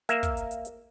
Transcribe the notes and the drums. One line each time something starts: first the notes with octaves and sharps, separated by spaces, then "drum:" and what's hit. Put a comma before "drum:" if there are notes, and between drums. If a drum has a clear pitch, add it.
A#3 E5, drum: hi-hat
drum: kick, hi-hat
drum: hi-hat
drum: hi-hat
drum: hi-hat